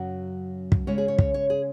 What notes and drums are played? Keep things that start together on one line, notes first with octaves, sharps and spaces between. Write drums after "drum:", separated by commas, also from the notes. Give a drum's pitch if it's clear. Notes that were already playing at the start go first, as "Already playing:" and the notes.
Already playing: F#2 C#3 F#3 F#4
drum: kick
C#3 G#3 C#4 C#5
G#4
C#5
C#5, drum: kick
C#5
G#4